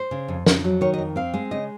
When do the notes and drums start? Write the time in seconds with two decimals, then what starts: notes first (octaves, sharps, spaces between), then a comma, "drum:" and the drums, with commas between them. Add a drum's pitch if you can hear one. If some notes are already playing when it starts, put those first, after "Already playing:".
Already playing: C5
0.11 C#3
0.28 F2
0.46 F2, drum: snare
0.64 F#3
0.81 D#3 C#5
0.94 D#5
0.98 F2
1.16 C4 F5
1.34 G#3
1.51 C#3 D#5